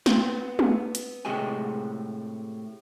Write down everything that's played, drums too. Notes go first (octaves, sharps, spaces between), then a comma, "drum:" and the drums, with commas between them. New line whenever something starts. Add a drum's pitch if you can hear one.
B3 C4 C5, drum: snare
drum: tom
drum: hi-hat
A2 C3 G#3 F#4 G4 G#5